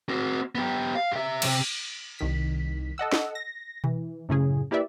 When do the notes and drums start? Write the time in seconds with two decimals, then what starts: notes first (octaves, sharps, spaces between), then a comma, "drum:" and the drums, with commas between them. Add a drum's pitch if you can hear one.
0.09 C4 F#4
0.55 B3 G4
0.95 F5
1.11 G4 E5
1.42 E2 C3, drum: cymbal
2.19 C2 D#3 B6
2.98 A4 D#5 F#5 E6
3.12 drum: snare
3.35 A#6
3.84 E3, drum: tom B2
4.29 F#2 A2 C#3 G#4
4.71 A#3 E4 G4 B4 D5 E5